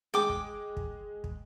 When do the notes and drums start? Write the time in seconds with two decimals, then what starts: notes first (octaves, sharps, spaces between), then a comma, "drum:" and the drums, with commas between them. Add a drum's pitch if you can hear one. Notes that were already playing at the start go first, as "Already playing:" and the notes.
0.14 G#3 G#4 G5 D6
0.29 drum: kick
0.77 drum: kick
1.24 drum: kick